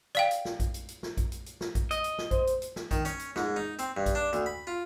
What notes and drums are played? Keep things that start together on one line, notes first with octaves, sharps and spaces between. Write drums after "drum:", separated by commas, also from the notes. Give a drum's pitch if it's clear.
D5 F5 G5, drum: hi-hat
drum: hi-hat
drum: snare
drum: kick A#1, hi-hat
drum: hi-hat
drum: hi-hat
drum: snare
drum: kick A#1, hi-hat
drum: hi-hat
drum: hi-hat
drum: snare
drum: kick A#1, hi-hat
D#5, drum: hi-hat
drum: hi-hat
drum: snare
C5, drum: kick A#1, hi-hat
drum: hi-hat
drum: hi-hat
drum: snare
D#3, drum: kick A#1, hi-hat
C#4, drum: hi-hat
drum: hi-hat
G#2, drum: snare
D#4
C4, drum: hi-hat
G2
drum: kick A#1, hi-hat
D4
D2, drum: hi-hat
B5
F4